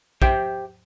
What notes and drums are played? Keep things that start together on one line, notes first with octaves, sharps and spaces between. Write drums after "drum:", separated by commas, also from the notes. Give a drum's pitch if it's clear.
G4 C5 E5 G5, drum: kick